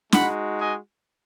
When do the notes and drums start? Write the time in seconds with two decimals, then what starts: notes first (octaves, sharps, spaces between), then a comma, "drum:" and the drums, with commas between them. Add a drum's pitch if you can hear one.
0.12 G#3 D#4 F#4 F#5 B5, drum: snare
0.59 D#5 G#5